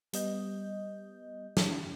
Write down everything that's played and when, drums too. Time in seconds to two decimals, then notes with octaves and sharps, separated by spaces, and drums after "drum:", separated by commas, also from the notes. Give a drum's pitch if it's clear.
0.13 G3 B3 D#5 G6, drum: hi-hat
1.57 drum: snare